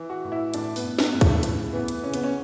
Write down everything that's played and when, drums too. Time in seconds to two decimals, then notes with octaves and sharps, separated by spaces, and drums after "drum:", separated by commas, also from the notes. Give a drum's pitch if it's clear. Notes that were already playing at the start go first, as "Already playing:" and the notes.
Already playing: E3
0.10 F#4
0.24 A2
0.32 E4
0.54 A2 D4, drum: hi-hat
0.76 B3, drum: open hi-hat
0.84 A2
0.99 B3, drum: snare
1.14 A2
1.21 A3, drum: kick, hi-hat
1.43 C#3, drum: hi-hat
1.73 E3 B3
1.88 drum: hi-hat
2.03 C#3 C#4
2.14 B3, drum: hi-hat
2.23 C#4